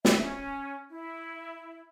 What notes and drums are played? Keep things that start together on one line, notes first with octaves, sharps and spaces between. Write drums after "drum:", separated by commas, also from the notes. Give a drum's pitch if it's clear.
E5, drum: snare
C#4
E4